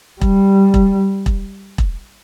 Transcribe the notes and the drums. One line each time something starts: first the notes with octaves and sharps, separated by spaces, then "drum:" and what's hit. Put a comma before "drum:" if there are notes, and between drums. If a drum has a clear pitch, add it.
G3, drum: kick E1
drum: kick E1
drum: kick E1
drum: kick E1